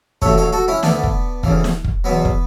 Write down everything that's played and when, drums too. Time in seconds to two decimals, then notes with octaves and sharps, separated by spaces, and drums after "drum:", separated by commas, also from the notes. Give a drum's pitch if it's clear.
0.22 A1 A2 F#3 A3 A4 C#5, drum: kick
0.38 A4 C#5
0.53 F#4 A4
0.68 C#4 E4
0.83 D2 D3 A3 B3 D4, drum: snare
1.03 drum: kick
1.43 D2 C#3 E3, drum: kick
1.64 drum: snare
1.84 drum: kick
2.04 E2 B2 F#3 B3
2.25 drum: kick